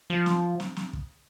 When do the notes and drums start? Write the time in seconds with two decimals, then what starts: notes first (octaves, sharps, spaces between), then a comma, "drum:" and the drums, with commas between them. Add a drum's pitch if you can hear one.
0.10 F3
0.26 drum: snare
0.60 drum: snare
0.76 drum: snare
0.93 drum: kick